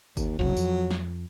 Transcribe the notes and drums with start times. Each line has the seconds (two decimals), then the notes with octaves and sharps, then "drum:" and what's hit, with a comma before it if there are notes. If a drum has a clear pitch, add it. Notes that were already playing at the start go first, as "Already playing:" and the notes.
0.17 D#2, drum: kick G1, tambourine
0.39 F#1 C2 C#3 F#3
0.57 F2, drum: tambourine
0.91 drum: snare